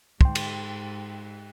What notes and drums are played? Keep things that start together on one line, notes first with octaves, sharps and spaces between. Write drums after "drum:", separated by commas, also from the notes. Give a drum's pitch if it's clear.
G#2 G5 C6, drum: kick
drum: cymbal